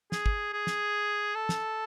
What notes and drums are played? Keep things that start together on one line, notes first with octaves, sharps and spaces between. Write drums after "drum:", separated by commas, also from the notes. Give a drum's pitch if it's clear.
G#4, drum: snare
drum: kick
G#4
drum: snare
A4
drum: snare